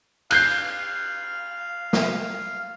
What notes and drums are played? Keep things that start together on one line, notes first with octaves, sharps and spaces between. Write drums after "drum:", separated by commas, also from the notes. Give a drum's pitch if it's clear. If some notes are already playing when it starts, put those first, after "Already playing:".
F5 F#6 G6 C7, drum: cymbal
drum: snare